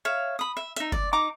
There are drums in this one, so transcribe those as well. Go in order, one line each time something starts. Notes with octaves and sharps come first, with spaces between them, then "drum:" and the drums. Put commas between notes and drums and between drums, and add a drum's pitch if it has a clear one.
C#5 E5 F5
B5 D#6
E5
D#4 E5, drum: hi-hat
D5, drum: kick
D#4 A#5 D6